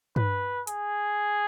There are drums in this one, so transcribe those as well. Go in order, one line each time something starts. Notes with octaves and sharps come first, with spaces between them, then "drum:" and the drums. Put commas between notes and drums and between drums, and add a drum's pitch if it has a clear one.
B4, drum: tom G2
G#4, drum: hi-hat